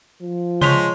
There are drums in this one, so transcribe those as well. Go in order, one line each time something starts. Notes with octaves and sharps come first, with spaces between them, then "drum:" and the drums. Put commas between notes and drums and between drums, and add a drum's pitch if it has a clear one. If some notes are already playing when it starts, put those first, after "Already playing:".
F3
G#3 C#5 A5 C6 C#6 B6 F7, drum: tom C3